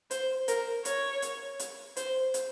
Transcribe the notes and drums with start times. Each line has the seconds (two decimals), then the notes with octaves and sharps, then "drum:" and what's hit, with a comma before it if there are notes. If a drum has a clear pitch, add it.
0.11 C5, drum: hi-hat
0.48 A#4, drum: hi-hat
0.85 C#5, drum: hi-hat
1.22 drum: hi-hat
1.59 drum: hi-hat
1.97 C5, drum: hi-hat
2.34 drum: hi-hat